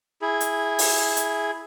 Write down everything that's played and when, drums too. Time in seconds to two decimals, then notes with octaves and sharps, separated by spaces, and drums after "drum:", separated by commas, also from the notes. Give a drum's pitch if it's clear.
0.21 E4 G#4
0.40 drum: hi-hat
0.79 drum: open hi-hat
1.17 drum: hi-hat